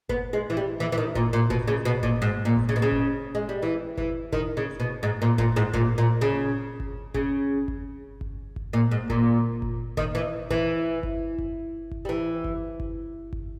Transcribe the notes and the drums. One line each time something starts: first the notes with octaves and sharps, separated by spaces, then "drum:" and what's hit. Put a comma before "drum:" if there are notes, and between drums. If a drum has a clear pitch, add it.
B3, drum: kick G1
G#3
E3
G3
E3
E3
D#3
A#2, drum: kick G1
A#2
B2, drum: kick G1
C#3
B2
A#2, drum: kick G1
G#2
A#2
drum: kick G1
C#3
B2
C#3
drum: kick G1
G#3
G3
E3
E3, drum: kick G1
D#3, drum: kick G1
C#3
B2
G#2
A#2
A#2, drum: kick G1
G#2
A#2, drum: kick G1
A#2
C#3
drum: kick G1
C#3, drum: kick G1
drum: kick G1
drum: kick G1
drum: kick G1
A#2
G#2
A#2, drum: kick G1
drum: kick G1
D#3, drum: kick G1
E3
E3, drum: kick G1
drum: kick G1
drum: kick G1
drum: kick G1
G3
E3
drum: kick G1
drum: kick G1
drum: kick G1